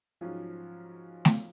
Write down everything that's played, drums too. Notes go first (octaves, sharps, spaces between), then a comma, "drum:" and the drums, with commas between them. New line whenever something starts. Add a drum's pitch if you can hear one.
G#2 F3 F#3 C#4 F4
drum: snare A3